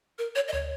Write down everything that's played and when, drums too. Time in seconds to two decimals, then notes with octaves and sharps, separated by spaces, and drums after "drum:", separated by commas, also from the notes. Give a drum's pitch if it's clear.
0.18 A#4
0.35 C#5
0.48 D#5
0.53 C#5, drum: tom D2